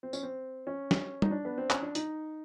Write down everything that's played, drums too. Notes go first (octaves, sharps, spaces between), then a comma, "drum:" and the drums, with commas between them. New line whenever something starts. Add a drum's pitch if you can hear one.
C4
C#4, drum: tambourine
C4
C#4
drum: snare
D#4, drum: tom
D4
B3
C4
C#4, drum: clap
D4
D#4, drum: hi-hat